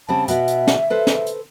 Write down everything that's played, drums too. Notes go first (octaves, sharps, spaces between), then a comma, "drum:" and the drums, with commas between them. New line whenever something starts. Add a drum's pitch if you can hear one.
C#3 G3 C4 A5
B2 B3 E5, drum: hi-hat
drum: hi-hat
drum: snare
A4 B4 C5
drum: snare
drum: hi-hat